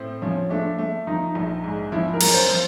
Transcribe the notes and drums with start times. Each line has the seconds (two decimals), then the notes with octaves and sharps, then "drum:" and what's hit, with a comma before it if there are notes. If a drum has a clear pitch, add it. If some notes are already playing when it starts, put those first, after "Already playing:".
Already playing: A2 C4
0.22 F3 C#4
0.50 A3 D4
0.78 A3
1.07 F3 D#4
1.35 A#1
1.64 G#2
1.92 F3 E4
2.14 A#4
2.21 F#2, drum: cymbal
2.34 C5
2.49 F3